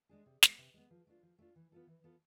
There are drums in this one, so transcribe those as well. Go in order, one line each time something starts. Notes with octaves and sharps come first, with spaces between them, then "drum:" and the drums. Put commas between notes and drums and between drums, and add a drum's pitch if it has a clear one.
G#3 D4 G#4
C3
G#3 B3, drum: snare
C3
G#3 B3
F3
A3 D4 F4
F3
A3 D4 F4
E3
B3 F4 A4
E3
B3 F4 A4